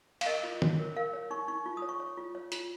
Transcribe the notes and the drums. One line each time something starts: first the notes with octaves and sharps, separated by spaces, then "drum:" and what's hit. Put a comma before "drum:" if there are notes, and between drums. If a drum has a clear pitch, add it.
F5, drum: cymbal
A#4 D#5
F4
C#5, drum: tom
A#4
A#4 F5
C#5
D#4 C#6
D#4 C#6
F4
D#6
C#5
C#6
C#5
F4
C#5
F4, drum: hi-hat